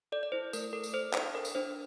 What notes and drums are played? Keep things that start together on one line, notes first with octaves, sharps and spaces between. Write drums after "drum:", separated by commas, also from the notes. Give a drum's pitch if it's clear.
A4 D5
D5
E4 C5
A3 A#4, drum: tambourine
A4 A#4
drum: tambourine
A4 C5
D4 C5, drum: clap
A4 A#4
drum: tambourine
D4 C5